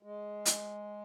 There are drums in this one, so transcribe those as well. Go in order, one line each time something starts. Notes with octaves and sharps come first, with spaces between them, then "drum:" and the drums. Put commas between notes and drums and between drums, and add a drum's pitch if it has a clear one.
G#3
drum: hi-hat